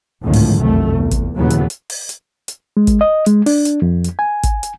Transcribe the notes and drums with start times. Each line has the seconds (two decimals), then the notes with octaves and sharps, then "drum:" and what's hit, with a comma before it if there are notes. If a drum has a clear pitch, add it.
0.22 G#1 C#2 A2 D3 D#3 F3
0.33 drum: open hi-hat
0.58 F1 C2 F#2 A3
0.98 E2
1.12 drum: kick, hi-hat
1.36 D#2 A#2 C#3 E3 F#3 B3
1.51 drum: hi-hat
1.70 drum: hi-hat
1.90 drum: open hi-hat
2.09 drum: hi-hat
2.48 drum: hi-hat
2.77 G#3
2.87 drum: kick, hi-hat
3.01 D#5
3.26 G#3, drum: hi-hat
3.46 D4, drum: open hi-hat
3.65 drum: hi-hat
3.82 F2
4.04 drum: hi-hat
4.19 G#5
4.44 drum: kick, hi-hat
4.63 drum: hi-hat